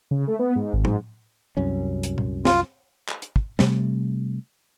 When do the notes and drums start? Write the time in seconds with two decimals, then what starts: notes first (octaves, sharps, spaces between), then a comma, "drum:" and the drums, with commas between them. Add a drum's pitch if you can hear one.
0.11 C#3
0.27 A3
0.39 B3
0.55 G#2
0.73 G#1
0.85 G#2, drum: tom A2
1.57 C2 F#2 C#4
2.03 drum: hi-hat
2.18 drum: tom A#2
2.45 F4, drum: snare
3.08 drum: clap
3.22 drum: hi-hat
3.36 drum: kick
3.59 C3 G3 A3, drum: snare